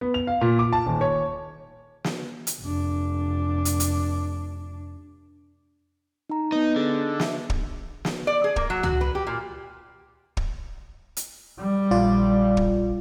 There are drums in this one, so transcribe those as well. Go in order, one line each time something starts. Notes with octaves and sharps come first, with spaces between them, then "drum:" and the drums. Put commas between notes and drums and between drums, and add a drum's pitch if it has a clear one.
B3
F7
F5
A#2
D6
A5
D#1
C#5
drum: snare
drum: hi-hat
F1 D4
drum: hi-hat
drum: hi-hat
D#4 A#5
B3 D#4 B4
D3 G#4 D#5
E5, drum: snare
drum: kick
drum: snare
D5
G#4
A#3, drum: kick
F#3
F#4, drum: tom C#2
B4
G4
A#2
drum: kick
drum: hi-hat
G3
A#1 F4 D5
drum: kick